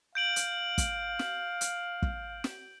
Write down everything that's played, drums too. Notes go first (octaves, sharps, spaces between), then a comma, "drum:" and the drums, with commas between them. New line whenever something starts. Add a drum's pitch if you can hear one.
F5 G6 D7 F#7
drum: hi-hat
drum: kick, hi-hat
drum: snare
drum: hi-hat
drum: kick
drum: snare